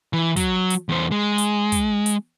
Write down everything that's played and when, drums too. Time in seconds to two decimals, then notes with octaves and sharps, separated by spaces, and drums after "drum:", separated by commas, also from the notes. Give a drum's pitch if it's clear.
0.13 E3
0.36 F#3, drum: kick, hi-hat
0.70 drum: hi-hat
0.89 E2 C5
1.12 G#3
1.38 drum: hi-hat
1.72 drum: kick, hi-hat
2.06 drum: hi-hat